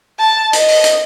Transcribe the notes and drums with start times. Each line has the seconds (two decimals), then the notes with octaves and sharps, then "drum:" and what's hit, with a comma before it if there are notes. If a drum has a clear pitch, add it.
0.19 A5
0.53 D#5, drum: hi-hat
0.68 drum: open hi-hat
0.84 drum: hi-hat